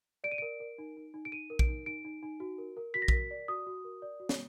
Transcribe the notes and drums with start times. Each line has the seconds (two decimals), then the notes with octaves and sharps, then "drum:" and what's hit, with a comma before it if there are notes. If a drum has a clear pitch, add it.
0.24 D5 D7
0.31 D#7
0.38 A#4 D7
0.60 A#4
0.78 D#4
0.97 D#4
1.14 D#4
1.25 D7
1.32 D#4 D#7
1.50 A#4
1.59 D7, drum: kick A#1
1.68 D#4
1.86 D#4 D7
2.05 D#4
2.23 D#4
2.40 F#4
2.58 A#4
2.77 A#4
2.94 F#4 B6
3.02 A#6
3.08 A#4 B6, drum: kick A#1
3.31 D5
3.48 F#4 D#6
3.67 F#4
3.84 A#4
4.02 D5
4.20 F#4
4.29 drum: snare